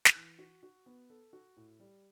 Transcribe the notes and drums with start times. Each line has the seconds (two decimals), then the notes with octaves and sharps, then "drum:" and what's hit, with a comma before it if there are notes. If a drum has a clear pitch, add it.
0.05 drum: snare
0.15 E3
0.39 F#4
0.63 F#4
0.86 B3
1.10 A4
1.33 F#4
1.57 A2
1.80 G3